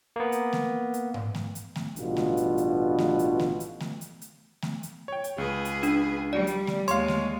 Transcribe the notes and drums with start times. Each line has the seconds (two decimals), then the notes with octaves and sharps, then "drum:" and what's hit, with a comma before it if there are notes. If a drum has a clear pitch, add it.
0.16 A#3 B3
0.32 drum: hi-hat
0.53 drum: snare A3
0.94 drum: hi-hat
1.14 drum: tom G#2
1.35 drum: snare A3
1.55 drum: hi-hat
1.76 drum: snare A3
1.96 A1 G2 B2 F4, drum: hi-hat
2.17 drum: snare A3
2.37 drum: hi-hat
2.58 drum: hi-hat
2.99 drum: snare A3
3.19 drum: hi-hat
3.40 drum: snare A3
3.60 drum: hi-hat
3.81 drum: snare A3
4.01 drum: hi-hat
4.22 drum: hi-hat
4.62 drum: snare A3
4.83 drum: hi-hat
5.08 C#5 G5
5.24 drum: hi-hat
5.38 C#2 G#4 B4
5.65 drum: hi-hat
5.83 D4, drum: hi-hat
6.33 G3 D5
6.47 drum: hi-hat
6.67 drum: snare A3
6.88 D#2 G#3 C#5 F5 C6, drum: hi-hat
7.08 drum: snare A3